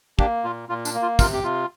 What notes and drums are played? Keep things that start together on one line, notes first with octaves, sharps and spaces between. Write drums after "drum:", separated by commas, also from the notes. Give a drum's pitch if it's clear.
A#3 D4 G4, drum: kick
A#2 F4
A#2 F4
D4, drum: tambourine
A#3
F4
C3 F4 A#4, drum: kick, tambourine
G4
C3 F4